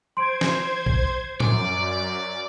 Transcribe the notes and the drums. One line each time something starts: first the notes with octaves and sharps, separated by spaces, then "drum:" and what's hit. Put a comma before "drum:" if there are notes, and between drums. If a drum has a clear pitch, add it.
C5 C6 G#6 D7
drum: snare
drum: kick A#1
F#2 D5, drum: tom A2